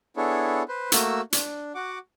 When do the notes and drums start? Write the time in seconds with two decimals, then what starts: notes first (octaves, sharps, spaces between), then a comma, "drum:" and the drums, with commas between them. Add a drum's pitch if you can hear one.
0.17 B3 D4 E4 G#4 A4 C#5
0.69 B4 C5
0.92 A3 A#3 F#4 E6, drum: hi-hat
1.32 D4, drum: hi-hat
1.75 F#4 F#5 D6